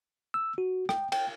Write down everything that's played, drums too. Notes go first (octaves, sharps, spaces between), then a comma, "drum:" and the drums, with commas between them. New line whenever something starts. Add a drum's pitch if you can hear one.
E6
F#4
G5, drum: rim click
G5, drum: cymbal